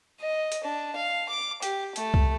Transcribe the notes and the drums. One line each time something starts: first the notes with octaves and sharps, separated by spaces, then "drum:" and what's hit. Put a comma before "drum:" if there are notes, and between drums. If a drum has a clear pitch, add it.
D#5
drum: hi-hat
D4
F5
D6
G4, drum: hi-hat
A3, drum: hi-hat
drum: kick C2